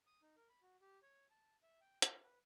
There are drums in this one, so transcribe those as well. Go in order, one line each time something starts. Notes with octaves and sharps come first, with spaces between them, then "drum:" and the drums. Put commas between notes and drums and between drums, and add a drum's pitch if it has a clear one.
D#6
D#4
A#4
B5
F#4
G4
C#5
A5
E5
G5
F4, drum: hi-hat
B4